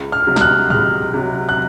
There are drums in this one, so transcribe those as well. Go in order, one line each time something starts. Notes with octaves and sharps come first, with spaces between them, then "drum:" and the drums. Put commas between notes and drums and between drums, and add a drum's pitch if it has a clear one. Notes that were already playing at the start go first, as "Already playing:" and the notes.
Already playing: C#2
F6
C3 F#3
F6, drum: snare
F#6
C#2 F6, drum: tom G#2
C3 F#3
F#6